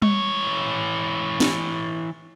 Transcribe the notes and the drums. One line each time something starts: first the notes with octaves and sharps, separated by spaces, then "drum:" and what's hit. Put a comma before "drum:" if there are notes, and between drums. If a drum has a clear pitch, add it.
E3 C#5, drum: tom G3
drum: snare